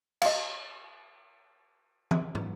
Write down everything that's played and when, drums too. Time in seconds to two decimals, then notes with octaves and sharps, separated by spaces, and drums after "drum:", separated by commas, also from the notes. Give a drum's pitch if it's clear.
0.22 D#5 F5, drum: cymbal
2.11 drum: tom E3
2.35 drum: tom